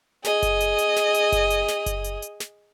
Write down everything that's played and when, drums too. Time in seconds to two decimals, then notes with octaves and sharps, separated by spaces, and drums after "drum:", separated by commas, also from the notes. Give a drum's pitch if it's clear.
0.25 G#4 D#5, drum: snare
0.42 drum: kick F#1, hi-hat
0.60 drum: hi-hat
0.78 drum: hi-hat
0.96 drum: snare
1.14 drum: hi-hat
1.32 drum: kick F#1, hi-hat
1.50 drum: hi-hat
1.68 drum: snare
1.86 drum: kick F#1, hi-hat
2.04 drum: hi-hat
2.22 drum: hi-hat
2.40 drum: snare